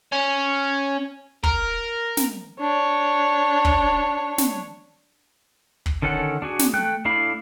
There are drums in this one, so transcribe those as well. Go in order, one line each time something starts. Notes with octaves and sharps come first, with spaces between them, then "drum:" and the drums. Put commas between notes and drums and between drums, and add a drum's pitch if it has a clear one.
C#4
A#4, drum: kick
drum: snare
D4 C#5
drum: kick
drum: snare
drum: kick
D3 D#3 C#4 A4 F#5
D4 F#4 G#4
drum: snare
A3 G5 F#6
A3 D4 E4 F5 B5